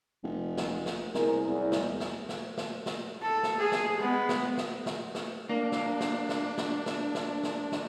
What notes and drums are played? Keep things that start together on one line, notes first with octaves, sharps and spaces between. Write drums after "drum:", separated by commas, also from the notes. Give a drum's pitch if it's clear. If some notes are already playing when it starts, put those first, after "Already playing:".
F1
drum: snare
drum: snare
C2 B3 G#4 A#4, drum: snare
E2 G#3
drum: snare
drum: snare
drum: snare
drum: snare
drum: snare
A4
drum: snare
G#4
drum: snare
G#3 B3
drum: snare
drum: snare
drum: snare
drum: snare
A#3 D4
drum: snare
drum: snare
drum: snare
drum: snare
drum: snare
drum: snare
drum: snare
drum: snare